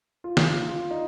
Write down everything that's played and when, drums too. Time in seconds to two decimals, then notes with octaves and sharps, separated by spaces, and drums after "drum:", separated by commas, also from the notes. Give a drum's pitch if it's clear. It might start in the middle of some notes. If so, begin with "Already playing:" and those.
0.24 F4
0.37 drum: snare
0.46 F4
0.69 F4
0.91 D#4